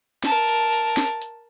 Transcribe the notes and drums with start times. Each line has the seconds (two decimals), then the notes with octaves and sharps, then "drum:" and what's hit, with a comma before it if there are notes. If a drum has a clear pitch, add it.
0.24 A#4 A5, drum: snare
0.48 drum: hi-hat
0.73 drum: hi-hat
0.97 drum: snare
1.22 drum: hi-hat